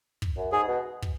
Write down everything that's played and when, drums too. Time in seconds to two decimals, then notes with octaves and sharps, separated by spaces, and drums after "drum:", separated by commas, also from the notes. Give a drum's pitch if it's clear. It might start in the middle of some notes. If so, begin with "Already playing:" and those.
0.22 drum: kick
0.37 F#2
0.52 G#2 G#4
0.67 B2
1.03 drum: kick